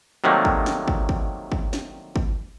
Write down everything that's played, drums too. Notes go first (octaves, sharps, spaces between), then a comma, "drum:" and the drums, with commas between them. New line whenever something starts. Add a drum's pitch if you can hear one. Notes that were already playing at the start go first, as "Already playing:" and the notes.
C3 D#3 F#3 G3 A3 A#3
drum: kick
drum: snare
drum: kick
drum: kick
drum: kick
drum: snare
drum: kick